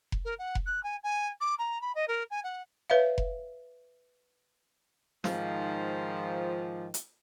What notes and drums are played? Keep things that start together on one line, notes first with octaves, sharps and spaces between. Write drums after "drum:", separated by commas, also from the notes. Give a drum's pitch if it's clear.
drum: kick F1
A#4
F#5
drum: kick F1
F#6
G#5
G#5
D6
A#5
B5
D#5
A#4
G#5
F#5
B4 C#5 E5 F5
drum: kick F1
G#2 D#3 F3, drum: snare
drum: hi-hat